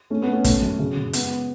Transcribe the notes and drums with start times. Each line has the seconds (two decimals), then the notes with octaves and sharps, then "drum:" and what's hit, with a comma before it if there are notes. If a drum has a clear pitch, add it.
0.10 A3 C#4
0.22 B3
0.28 A3
0.33 C#4
0.44 A3, drum: kick, hi-hat
0.62 F#2
0.79 C#3
0.97 C#3
1.13 G#3 B3, drum: hi-hat